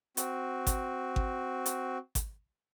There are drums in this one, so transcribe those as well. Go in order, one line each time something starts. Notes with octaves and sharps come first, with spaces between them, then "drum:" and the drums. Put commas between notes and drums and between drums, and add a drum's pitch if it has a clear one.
C4 F#4, drum: hi-hat
drum: kick G#1, hi-hat
drum: kick G#1
drum: hi-hat
drum: kick G#1, hi-hat